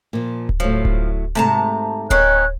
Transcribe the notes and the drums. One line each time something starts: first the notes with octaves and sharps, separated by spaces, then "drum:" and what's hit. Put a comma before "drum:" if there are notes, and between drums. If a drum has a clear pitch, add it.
A#2 F3
drum: kick D1
A2 F3 F#3
drum: kick D1
G#2 C3 A3 A5 A#5
D#3 C#4 D#4 C#5 F#6, drum: kick D1